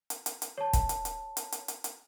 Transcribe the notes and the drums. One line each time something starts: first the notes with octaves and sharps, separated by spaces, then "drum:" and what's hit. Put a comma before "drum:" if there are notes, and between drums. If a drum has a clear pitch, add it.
drum: hi-hat
drum: hi-hat
drum: hi-hat
C#5 A5
drum: kick, hi-hat
drum: hi-hat
drum: hi-hat
drum: hi-hat
drum: hi-hat
drum: hi-hat
drum: hi-hat